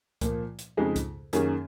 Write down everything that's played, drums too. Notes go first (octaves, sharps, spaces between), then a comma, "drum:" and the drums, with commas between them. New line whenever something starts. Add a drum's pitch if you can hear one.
A#2 F3 A#3, drum: kick C#2, hi-hat
drum: hi-hat
F2 C#3 G#3 D#4 G#4
drum: kick C#2, hi-hat
F#2 D#3 A#3 C#4 G#4, drum: hi-hat